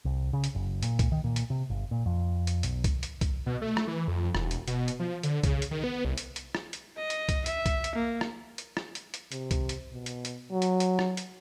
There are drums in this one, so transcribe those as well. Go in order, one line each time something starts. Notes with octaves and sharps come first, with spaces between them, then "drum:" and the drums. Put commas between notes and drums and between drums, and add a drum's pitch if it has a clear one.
C2
C#3
drum: hi-hat
F#1
A#2, drum: hi-hat
drum: kick C2, hi-hat
D#3
A#2
drum: hi-hat
C3
G1
A#2
F2
drum: hi-hat
B1, drum: hi-hat
drum: kick C2, hi-hat
drum: hi-hat
drum: kick C2, hi-hat
B2
A3
drum: rim click
E3
F2
E1, drum: rim click
drum: hi-hat
B2, drum: hi-hat
drum: hi-hat
F3
D3, drum: hi-hat
C#3, drum: kick C2, hi-hat
drum: hi-hat
D#3
B3
C2
drum: hi-hat
drum: hi-hat
drum: rim click
drum: hi-hat
D#5
drum: hi-hat
drum: kick C2, hi-hat
E5, drum: hi-hat
drum: kick C2, hi-hat
drum: hi-hat
A#3
drum: rim click
drum: hi-hat
drum: rim click
drum: hi-hat
drum: hi-hat
C3, drum: hi-hat
drum: kick C2, hi-hat
drum: hi-hat
B2
drum: hi-hat
drum: hi-hat
F#3
drum: hi-hat
drum: hi-hat
drum: rim click
drum: hi-hat